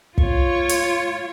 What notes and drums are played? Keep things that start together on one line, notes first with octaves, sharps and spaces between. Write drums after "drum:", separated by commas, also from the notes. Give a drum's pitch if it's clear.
F4 C#5, drum: kick
drum: hi-hat